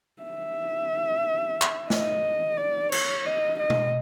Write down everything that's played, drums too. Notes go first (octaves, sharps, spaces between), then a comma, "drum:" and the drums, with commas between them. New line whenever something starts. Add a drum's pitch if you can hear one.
E5
drum: clap
D#5, drum: snare
D5
C#5, drum: cymbal
D#5
D#5
drum: tom B2